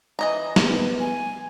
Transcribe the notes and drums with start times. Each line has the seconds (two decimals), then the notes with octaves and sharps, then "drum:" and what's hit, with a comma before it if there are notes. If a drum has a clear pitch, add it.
0.19 E3 D#5 A#5
0.56 B3, drum: snare
1.00 G#5